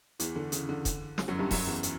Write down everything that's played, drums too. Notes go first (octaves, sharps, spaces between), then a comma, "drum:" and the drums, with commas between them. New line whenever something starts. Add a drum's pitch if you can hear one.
E2 E3, drum: hi-hat
D3
C#3, drum: hi-hat
D3
drum: kick E1, hi-hat
drum: snare
F#2 F#3
G2 G3
F#2 F#3, drum: kick E1, open hi-hat
E2 E3
drum: hi-hat